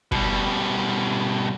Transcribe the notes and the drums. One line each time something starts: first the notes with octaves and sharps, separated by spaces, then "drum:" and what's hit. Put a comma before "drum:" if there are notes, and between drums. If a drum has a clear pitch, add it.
B2 G3, drum: kick